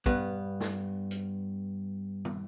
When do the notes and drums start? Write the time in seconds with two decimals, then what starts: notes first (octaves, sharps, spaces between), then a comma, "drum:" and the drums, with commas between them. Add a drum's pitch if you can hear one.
0.06 G2 B3, drum: kick
0.60 drum: snare
1.11 drum: hi-hat
2.25 drum: tom